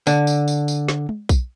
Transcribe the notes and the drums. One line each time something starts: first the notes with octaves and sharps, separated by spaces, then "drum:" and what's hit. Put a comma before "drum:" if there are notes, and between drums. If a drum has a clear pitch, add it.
D3, drum: tambourine
drum: tambourine
drum: tambourine
drum: tambourine
drum: snare
drum: tom
drum: kick B1, tambourine